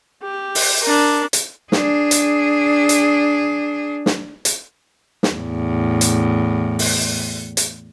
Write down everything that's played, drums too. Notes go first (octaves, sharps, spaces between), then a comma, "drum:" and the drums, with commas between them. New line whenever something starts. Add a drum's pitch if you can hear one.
G4
drum: open hi-hat
D4 A#4
drum: hi-hat
D4 G#4, drum: snare
drum: hi-hat
drum: hi-hat
drum: snare
drum: hi-hat
drum: snare
E2 A2
drum: hi-hat
drum: open hi-hat
drum: hi-hat